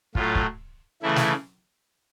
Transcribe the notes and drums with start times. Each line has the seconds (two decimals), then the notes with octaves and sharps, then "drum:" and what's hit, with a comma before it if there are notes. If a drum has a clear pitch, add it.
0.15 A2 F#3 A3 F4, drum: kick
0.35 drum: kick
1.02 C#3 E3 A3 E4
1.16 drum: snare